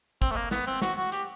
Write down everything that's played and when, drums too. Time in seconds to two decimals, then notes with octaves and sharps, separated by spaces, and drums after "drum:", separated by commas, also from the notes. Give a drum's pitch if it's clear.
0.22 C4, drum: kick
0.31 A3
0.36 A#3
0.51 B3, drum: snare
0.67 C4
0.82 F#4, drum: snare
0.98 F#4
1.12 G4, drum: hi-hat